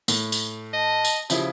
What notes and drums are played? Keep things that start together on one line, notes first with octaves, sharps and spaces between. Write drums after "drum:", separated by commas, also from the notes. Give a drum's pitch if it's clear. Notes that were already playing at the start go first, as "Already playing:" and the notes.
A2, drum: tambourine
drum: tambourine
D#5 A5
drum: tambourine
C#3 F3 E4 G4, drum: tambourine